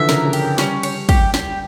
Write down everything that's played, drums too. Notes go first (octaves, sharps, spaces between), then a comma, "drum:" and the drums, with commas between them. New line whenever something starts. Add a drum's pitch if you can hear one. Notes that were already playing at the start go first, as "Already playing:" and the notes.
Already playing: D3 E3 F3 E5
C#3 A#4, drum: snare
C#3
G4, drum: cymbal
C#3
G3 C#4, drum: snare
C#5, drum: cymbal
G4, drum: kick, cymbal
G4, drum: snare